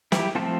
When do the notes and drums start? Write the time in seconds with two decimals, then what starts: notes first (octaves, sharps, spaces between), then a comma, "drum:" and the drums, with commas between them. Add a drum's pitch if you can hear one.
0.12 E4 G4, drum: snare
0.35 F3 A3 C4 F4 A4